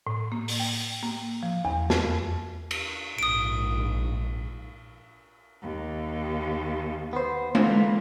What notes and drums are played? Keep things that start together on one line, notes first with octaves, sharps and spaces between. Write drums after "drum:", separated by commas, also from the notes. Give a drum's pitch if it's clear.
A2
A#3
drum: open hi-hat
G5
A#3
F3
E2
F2, drum: snare
drum: cymbal
A#1 G#2 D#6 D7
D#2
B3 C5
D3 E3 A#3 F4, drum: tom G#3